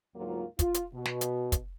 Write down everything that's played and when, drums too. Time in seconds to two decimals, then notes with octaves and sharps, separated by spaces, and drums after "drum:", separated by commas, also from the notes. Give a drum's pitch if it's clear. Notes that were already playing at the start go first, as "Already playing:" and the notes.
0.16 D2 G#2 F#3 A#3 F4
0.59 F4, drum: kick, hi-hat
0.74 drum: hi-hat
0.93 B2
1.05 drum: snare
1.21 drum: hi-hat
1.52 drum: kick, hi-hat